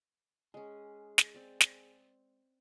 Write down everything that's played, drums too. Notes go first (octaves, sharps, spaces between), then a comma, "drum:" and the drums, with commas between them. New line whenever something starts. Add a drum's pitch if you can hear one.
G#3 C#4 G#4
drum: snare
C4 D5
drum: snare